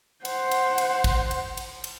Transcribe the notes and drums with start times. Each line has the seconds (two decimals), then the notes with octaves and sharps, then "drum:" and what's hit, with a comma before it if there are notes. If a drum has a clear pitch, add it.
0.25 C5 F#5, drum: cymbal
0.51 drum: cymbal
0.78 drum: cymbal
1.04 drum: kick, cymbal
1.31 drum: cymbal
1.57 drum: cymbal
1.84 drum: cymbal